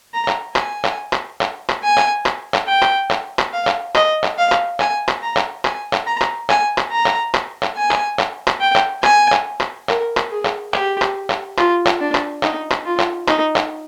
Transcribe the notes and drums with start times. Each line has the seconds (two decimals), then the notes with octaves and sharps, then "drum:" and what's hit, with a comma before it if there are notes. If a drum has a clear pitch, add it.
0.14 A#5
0.28 drum: clap
0.56 G#5, drum: clap
0.85 drum: clap
1.13 drum: clap
1.41 drum: clap
1.69 drum: clap
1.84 G#5
1.98 drum: clap
2.26 drum: clap
2.54 drum: clap
2.68 G5
2.82 drum: clap
3.11 drum: clap
3.39 drum: clap
3.53 F5
3.67 drum: clap
3.95 D#5, drum: clap
4.24 drum: clap
4.38 F5
4.52 drum: clap
4.80 G#5, drum: clap
5.08 drum: clap
5.23 A#5
5.37 drum: clap
5.65 G#5, drum: clap
5.93 drum: clap
6.07 A#5
6.21 drum: clap
6.50 G#5, drum: clap
6.78 drum: clap
6.92 A#5
7.06 drum: clap
7.34 drum: clap
7.63 drum: clap
7.77 G#5
7.91 drum: clap
8.19 drum: clap
8.47 drum: clap
8.61 G5
8.76 drum: clap
9.04 G#5, drum: clap
9.32 drum: clap
9.61 drum: clap
9.89 A#4, drum: clap
10.17 drum: clap
10.31 G#4
10.45 drum: clap
10.74 G4, drum: clap
11.02 drum: clap
11.30 drum: clap
11.58 F4, drum: clap
11.87 drum: clap
12.01 D4
12.15 drum: clap
12.43 D#4, drum: clap
12.71 drum: clap
12.86 F4
13.00 drum: clap
13.28 D#4, drum: clap
13.56 drum: clap